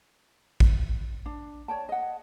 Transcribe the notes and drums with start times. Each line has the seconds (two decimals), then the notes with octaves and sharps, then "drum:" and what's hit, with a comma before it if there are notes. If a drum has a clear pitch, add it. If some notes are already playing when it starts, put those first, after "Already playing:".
0.60 drum: kick A1
1.26 D4
1.68 C#5 D5 G5 A5
1.89 D#5 F#5